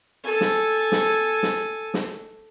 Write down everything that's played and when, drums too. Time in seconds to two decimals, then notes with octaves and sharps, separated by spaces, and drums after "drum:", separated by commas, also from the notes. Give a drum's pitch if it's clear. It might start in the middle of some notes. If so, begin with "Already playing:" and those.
0.24 A4 G#5
0.41 drum: snare
0.92 drum: snare
1.43 drum: snare
1.94 drum: snare